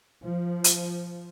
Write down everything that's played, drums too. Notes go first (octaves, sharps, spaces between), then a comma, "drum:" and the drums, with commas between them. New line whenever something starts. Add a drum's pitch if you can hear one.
F3
drum: hi-hat